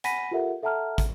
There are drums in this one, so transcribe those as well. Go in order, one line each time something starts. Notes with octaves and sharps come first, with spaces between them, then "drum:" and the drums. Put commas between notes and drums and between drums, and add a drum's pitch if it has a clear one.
F#5 G#5 B5 A#6 B6 D#7, drum: hi-hat
F4 G4 A4 A#4 E5 F#5
A4 E5 F#5 A5 A#5 F6
drum: kick, hi-hat